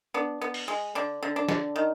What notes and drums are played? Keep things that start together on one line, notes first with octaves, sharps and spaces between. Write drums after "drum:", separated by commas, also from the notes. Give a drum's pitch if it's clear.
B3 D4
B3
drum: open hi-hat
G#3
D3 D4
D3
D4
D3, drum: snare
D#3